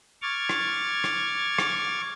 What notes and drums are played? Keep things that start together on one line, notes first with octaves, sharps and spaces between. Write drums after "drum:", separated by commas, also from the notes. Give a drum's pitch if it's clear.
C#6 D6 F6 G#6 A6
drum: rim click
drum: rim click
drum: rim click